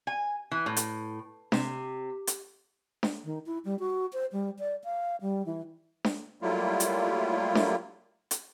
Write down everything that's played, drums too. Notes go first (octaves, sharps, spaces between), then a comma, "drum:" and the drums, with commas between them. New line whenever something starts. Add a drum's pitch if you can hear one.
G#5
E3
A2
drum: hi-hat
C3, drum: snare D4
drum: hi-hat
drum: snare D4
D#3
E4
G3
F#4
C5
G3
D5
F5
G3
E3
drum: snare D4
F#3 G3 A3 A#3 E4 F4
drum: hi-hat
drum: snare D4
drum: hi-hat